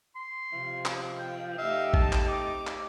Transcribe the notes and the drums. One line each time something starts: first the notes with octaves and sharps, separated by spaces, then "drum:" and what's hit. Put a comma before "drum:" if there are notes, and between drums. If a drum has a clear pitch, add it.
C6
C3 F3
drum: clap
G5
A3 D#4 G4 E5 F5
A5, drum: kick A1
drum: clap
C4 D6
drum: clap